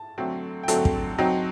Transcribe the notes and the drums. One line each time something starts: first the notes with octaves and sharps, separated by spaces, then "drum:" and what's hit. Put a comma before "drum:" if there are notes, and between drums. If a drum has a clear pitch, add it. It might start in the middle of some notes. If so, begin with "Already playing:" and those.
Already playing: A5
D3 F#3 A3 C4
G5
D3 F#3 A3 C4 A5, drum: hi-hat
drum: kick
F#3 C4 D#4